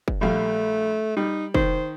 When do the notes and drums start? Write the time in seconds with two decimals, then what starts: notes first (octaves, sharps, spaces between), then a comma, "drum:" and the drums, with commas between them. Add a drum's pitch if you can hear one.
0.08 drum: kick
0.21 A#1 G3 A3 F5
1.17 G3 D#4
1.55 D#3 C5, drum: kick